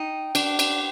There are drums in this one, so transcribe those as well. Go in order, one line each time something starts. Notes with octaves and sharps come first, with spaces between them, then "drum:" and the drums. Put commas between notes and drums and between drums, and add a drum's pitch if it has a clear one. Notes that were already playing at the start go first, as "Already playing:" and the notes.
Already playing: D#4 G5
D4, drum: cymbal
drum: cymbal